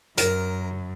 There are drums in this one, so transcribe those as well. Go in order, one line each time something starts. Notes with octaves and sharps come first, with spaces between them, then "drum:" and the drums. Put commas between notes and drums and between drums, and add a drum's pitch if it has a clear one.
F#2 A#4, drum: hi-hat